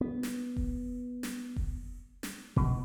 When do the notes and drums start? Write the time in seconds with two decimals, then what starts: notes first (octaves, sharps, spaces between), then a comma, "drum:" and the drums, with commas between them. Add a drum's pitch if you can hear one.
0.01 B3
0.23 drum: snare
0.57 drum: kick F1
1.23 drum: snare
1.56 drum: kick F1
2.23 drum: snare
2.56 B2, drum: kick F1